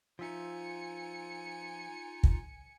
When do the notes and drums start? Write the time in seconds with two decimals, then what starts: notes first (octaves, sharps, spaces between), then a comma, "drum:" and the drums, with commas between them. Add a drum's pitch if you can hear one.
0.19 F3 D#4 F4 E5 G#5 C#7
2.23 drum: kick